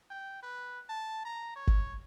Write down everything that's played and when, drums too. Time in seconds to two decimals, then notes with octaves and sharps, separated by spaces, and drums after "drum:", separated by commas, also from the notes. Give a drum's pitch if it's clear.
0.10 G5
0.43 B4
0.89 A5
1.25 A#5
1.56 C#5
1.67 drum: kick G#1